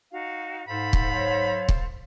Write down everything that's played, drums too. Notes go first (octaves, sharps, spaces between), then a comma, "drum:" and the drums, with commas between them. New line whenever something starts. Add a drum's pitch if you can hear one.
D#4 F#4 F5
G#2 A4 C5 F5 B5
drum: kick
F#3 C#5
drum: kick